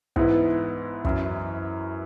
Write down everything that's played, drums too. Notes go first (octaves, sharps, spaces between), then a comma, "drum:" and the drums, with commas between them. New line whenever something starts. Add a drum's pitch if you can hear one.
G#2 E3 B3 E4, drum: kick
F#2 E3 C#4 E4, drum: kick